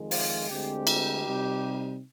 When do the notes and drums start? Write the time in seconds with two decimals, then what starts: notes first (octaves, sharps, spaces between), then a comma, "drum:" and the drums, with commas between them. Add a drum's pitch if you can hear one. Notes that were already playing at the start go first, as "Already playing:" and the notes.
Already playing: F2 D#3 G#3
0.11 F4, drum: open hi-hat
0.48 D2 D3 G#3 C4 G4
0.87 drum: cymbal
1.25 C3 G3 C4 D#4